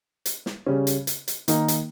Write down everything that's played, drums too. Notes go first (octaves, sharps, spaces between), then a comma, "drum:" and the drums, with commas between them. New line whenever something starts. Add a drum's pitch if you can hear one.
drum: hi-hat
drum: snare
C#3 G3 C#4
drum: hi-hat
drum: hi-hat
drum: hi-hat
D#3 A#3 D#4, drum: hi-hat
drum: hi-hat